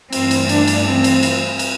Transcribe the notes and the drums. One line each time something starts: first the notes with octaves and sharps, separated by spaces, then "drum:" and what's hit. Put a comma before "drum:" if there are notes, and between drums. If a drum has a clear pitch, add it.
G2 E3 A3 C4, drum: cymbal
drum: cymbal
D4, drum: cymbal
drum: cymbal
C4
drum: cymbal
drum: cymbal
drum: cymbal